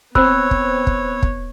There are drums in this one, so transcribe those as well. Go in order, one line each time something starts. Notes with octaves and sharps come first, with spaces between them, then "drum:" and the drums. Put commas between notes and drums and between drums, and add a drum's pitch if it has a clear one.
B3 C4 C#5 B5 E6 F#6, drum: kick
drum: kick
drum: kick
drum: kick